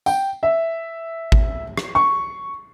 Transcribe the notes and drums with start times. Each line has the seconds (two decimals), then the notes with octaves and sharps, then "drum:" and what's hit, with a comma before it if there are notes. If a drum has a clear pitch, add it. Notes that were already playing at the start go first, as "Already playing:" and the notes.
0.06 G5, drum: tambourine
0.43 E5
1.32 drum: kick G#1
1.77 drum: rim click
1.95 C#6